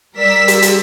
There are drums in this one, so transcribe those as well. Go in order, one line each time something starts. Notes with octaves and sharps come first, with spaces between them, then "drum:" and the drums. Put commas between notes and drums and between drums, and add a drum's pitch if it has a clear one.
G3 A#4 D5 E6 B6
drum: hi-hat
drum: hi-hat